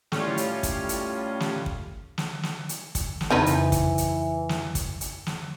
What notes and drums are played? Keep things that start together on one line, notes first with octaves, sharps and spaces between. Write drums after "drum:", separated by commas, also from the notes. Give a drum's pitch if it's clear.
A2 G3 C#4 F4, drum: snare
drum: hi-hat
drum: kick, hi-hat
drum: hi-hat
drum: snare
drum: kick
drum: snare
drum: snare
drum: hi-hat
drum: kick, hi-hat
drum: snare
F2 C#3 E3 C4 D#4 B4 G6
drum: hi-hat
drum: kick, hi-hat
drum: hi-hat
drum: snare
drum: kick, hi-hat
drum: hi-hat
drum: snare